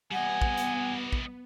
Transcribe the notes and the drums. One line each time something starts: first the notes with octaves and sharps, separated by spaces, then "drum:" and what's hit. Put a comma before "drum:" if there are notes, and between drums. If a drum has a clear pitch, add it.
G3 B3 D#5 F#5 G#5
drum: kick
drum: hi-hat
drum: kick